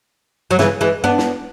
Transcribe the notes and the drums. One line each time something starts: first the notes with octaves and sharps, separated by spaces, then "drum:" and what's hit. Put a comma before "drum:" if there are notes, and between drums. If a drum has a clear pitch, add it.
F#3
C#3 E3, drum: snare
E3 G#3
B3 D4
drum: snare